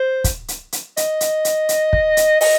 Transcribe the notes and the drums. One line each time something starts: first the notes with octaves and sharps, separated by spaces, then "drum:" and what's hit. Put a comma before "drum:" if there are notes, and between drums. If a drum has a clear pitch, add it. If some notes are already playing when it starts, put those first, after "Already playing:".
Already playing: C5
drum: kick, hi-hat
drum: hi-hat
drum: hi-hat
D#5, drum: hi-hat
drum: hi-hat
drum: hi-hat
drum: hi-hat
drum: kick
drum: hi-hat
D#5, drum: open hi-hat